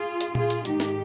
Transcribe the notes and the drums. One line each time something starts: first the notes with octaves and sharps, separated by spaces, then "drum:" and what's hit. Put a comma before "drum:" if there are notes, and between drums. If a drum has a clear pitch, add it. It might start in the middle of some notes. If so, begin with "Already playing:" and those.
Already playing: F4 G#4
drum: hi-hat
F4 G#4, drum: tom A#2
drum: hi-hat
G#2 D#3 D#4 G4, drum: hi-hat
drum: snare